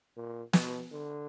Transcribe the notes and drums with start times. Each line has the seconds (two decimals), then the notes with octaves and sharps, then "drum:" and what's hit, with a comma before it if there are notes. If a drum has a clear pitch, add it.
0.17 A#2
0.53 B2, drum: snare
0.92 D3